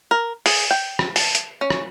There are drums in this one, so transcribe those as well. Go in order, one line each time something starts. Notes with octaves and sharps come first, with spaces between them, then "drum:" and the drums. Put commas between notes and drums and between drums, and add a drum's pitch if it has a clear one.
A#4
G#4, drum: open hi-hat
G5
drum: rim click
A5, drum: open hi-hat
drum: hi-hat
C#4
drum: rim click